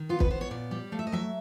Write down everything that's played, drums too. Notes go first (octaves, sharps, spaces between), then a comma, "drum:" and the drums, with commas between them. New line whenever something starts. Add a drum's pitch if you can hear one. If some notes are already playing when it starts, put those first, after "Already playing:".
Already playing: D#3
B3 F4
B4, drum: kick
B3 C5
C#5
A#2 D5
G3
A3 F5
E5
D#5
F#3 E5